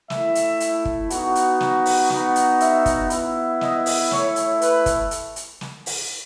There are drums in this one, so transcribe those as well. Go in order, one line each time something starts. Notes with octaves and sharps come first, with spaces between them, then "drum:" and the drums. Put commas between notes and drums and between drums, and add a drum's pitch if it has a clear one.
A3 E4 E5, drum: snare
drum: hi-hat
drum: hi-hat
drum: kick
B3 D#4 F#4, drum: hi-hat
drum: hi-hat
drum: snare
drum: open hi-hat
B3 D#4 F#4, drum: snare
drum: hi-hat
E5, drum: hi-hat
drum: kick, hi-hat
B3 E4, drum: hi-hat
D#5, drum: snare
drum: open hi-hat
A3 E4 C#5, drum: snare
drum: hi-hat
B4, drum: hi-hat
drum: kick, hi-hat
drum: hi-hat
drum: hi-hat
drum: snare
drum: open hi-hat